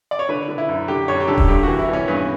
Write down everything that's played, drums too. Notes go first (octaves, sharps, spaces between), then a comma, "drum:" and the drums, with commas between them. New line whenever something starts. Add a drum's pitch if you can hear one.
D5
C#5
D3 B4
D3
E4
F#2
D3 G4
F#2 C#5
G4
D3 A4
drum: kick D#1
G2 G4
E3 F#4
E4
E3 C#4
G2 B3